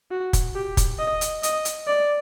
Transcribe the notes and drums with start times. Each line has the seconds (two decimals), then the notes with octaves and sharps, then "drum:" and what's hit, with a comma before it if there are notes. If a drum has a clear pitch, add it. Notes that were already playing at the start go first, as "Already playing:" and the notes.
0.11 F#4
0.33 drum: kick, hi-hat
0.55 G4
0.77 drum: kick, hi-hat
0.99 D#5
1.21 drum: hi-hat
1.43 D#5, drum: hi-hat
1.65 drum: hi-hat
1.87 D5